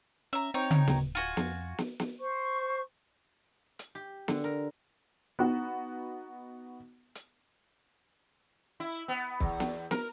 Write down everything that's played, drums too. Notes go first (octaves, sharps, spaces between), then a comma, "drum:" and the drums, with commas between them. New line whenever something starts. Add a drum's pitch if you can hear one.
C#4 E5 A#5
C4 D#4 C#5 G5
drum: tom C#3
D1, drum: snare
F4 F#4 G#5
F2, drum: snare
drum: snare
drum: snare
C5 C#6
drum: hi-hat
G4
D3, drum: snare
A#4
B3 D#4 F#4
drum: hi-hat
E4
B3
E2, drum: kick
drum: snare
A#4, drum: snare